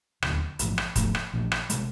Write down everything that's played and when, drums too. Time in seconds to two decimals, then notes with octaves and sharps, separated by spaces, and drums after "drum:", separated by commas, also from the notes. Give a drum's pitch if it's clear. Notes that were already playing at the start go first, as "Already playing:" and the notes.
0.22 E1 D#2 D3, drum: rim click
0.59 A#1 G#2 F3, drum: hi-hat
0.78 drum: rim click
0.96 G#2 F3 A3, drum: kick D#1, hi-hat
1.15 drum: rim click
1.33 A#1 A#2 F3 A3
1.52 drum: rim click
1.70 C3 D#3 G#3, drum: hi-hat